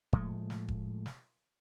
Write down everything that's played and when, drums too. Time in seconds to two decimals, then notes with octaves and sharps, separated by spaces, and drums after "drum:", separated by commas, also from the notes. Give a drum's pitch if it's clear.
0.13 A2 F3 G#3 A3, drum: kick E1
0.50 drum: snare
0.68 drum: kick E1
1.06 drum: snare